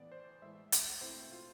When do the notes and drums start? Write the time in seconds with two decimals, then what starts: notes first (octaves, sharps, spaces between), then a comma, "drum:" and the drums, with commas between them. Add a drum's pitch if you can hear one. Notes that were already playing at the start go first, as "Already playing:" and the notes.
Already playing: A2 E3 B3 D5
0.12 C5
0.42 A2 E3 G#3 E5
0.72 E5, drum: hi-hat
1.01 B2 A3 C4 E4 C5
1.31 F4